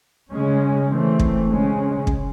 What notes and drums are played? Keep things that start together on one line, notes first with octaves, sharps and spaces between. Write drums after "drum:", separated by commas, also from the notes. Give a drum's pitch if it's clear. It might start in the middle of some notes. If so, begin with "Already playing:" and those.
C#3 G#3 C#4
E3 A3 C4
drum: kick
C#3 G#3 C#4
drum: kick